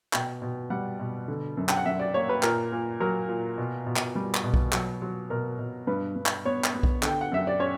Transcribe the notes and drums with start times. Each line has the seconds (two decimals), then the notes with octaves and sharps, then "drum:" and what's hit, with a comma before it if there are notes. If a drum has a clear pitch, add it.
0.13 B2 G5, drum: clap
0.42 B2
0.70 G3 F#5
0.99 B2
1.28 D3
1.57 F#2
1.69 G5, drum: clap
1.77 F#5
1.86 F#2 E5
1.99 D5
2.14 A#3 C#5
2.29 B4
2.43 A#2 A#4, drum: clap
2.72 A#2
3.00 F#3 A#4
3.29 A#2
3.58 B2
3.87 B2
3.96 drum: clap
4.15 G3
4.35 drum: clap
4.44 B2
4.54 drum: kick B1
4.72 F#3, drum: clap
5.02 F#3
5.30 B2 A#4
5.59 B2
5.87 G2 B4
6.16 G2
6.26 drum: clap
6.45 B3 C#5
6.64 drum: clap
6.74 B3
6.83 drum: kick B1
7.03 D3, drum: clap
7.08 G5
7.21 F#5
7.32 F#2 E5
7.47 D5
7.60 C#4 C#5